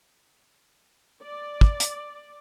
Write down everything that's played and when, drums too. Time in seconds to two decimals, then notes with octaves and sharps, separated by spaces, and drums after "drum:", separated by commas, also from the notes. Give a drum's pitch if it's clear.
1.20 D5
1.61 drum: kick
1.80 drum: hi-hat